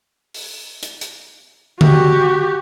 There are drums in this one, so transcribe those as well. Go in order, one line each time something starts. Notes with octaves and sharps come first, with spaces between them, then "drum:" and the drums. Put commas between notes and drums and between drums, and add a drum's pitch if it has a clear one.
drum: open hi-hat
drum: hi-hat
drum: hi-hat
F#4 G4, drum: tom D3